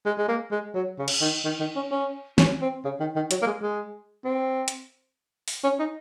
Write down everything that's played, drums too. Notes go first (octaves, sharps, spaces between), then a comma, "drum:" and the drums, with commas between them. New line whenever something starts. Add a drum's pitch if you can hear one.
G#3
G#3
A#3
G#3
F#3
C#3
drum: cymbal
D#3
D#3
D#3
C#4
C#4
C#4, drum: snare
C4
C#3
D#3
D#3
F#3, drum: hi-hat
A#3
G#3
G#3
C4
drum: hi-hat
drum: open hi-hat
C#4
D#4